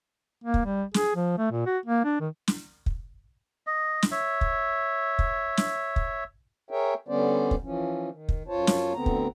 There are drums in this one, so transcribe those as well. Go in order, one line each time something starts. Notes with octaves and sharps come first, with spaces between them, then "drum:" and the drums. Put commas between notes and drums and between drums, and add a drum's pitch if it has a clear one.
A#3
drum: kick
G3
G#4, drum: snare
F3
A3
A#2
F#4
A#3
D4
D#3
drum: snare
drum: kick
D#5
drum: snare
C#5 E5
drum: kick
drum: kick
drum: snare
drum: kick
G#4 A#4 C#5 E5 G5
D3 G3 B3 C#4 C5 D5
drum: kick
E3 F3 C#4
D#3
drum: kick
F#2 F4 C5 C#5 A5
drum: snare
D2 D3 B3 C4 A#5
drum: kick